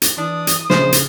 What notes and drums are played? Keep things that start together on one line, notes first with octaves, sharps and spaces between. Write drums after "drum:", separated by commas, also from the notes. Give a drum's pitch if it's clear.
drum: hi-hat
E3 D4 D#6
drum: hi-hat
A#1 C#3 C5, drum: snare
drum: hi-hat